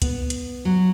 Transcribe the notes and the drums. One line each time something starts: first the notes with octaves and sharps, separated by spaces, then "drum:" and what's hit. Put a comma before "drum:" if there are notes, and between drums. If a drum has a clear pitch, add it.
B3, drum: kick, hi-hat
drum: hi-hat
F#3